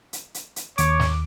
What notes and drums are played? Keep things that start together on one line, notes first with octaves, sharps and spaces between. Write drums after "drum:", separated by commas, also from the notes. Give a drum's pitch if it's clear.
drum: hi-hat
drum: hi-hat
drum: hi-hat
D#2 C#5 D6, drum: hi-hat
drum: snare